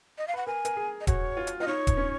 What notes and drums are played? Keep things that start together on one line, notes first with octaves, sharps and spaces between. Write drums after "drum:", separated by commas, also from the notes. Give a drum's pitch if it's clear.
D#5
F5
B4 F#5
A#4 G#5
A#4, drum: hi-hat
G#4
D#5
F#4 C#5, drum: kick D#1, hi-hat
F4
drum: hi-hat
F4 D#5
D#4 C#5
drum: kick D#1, hi-hat
C#4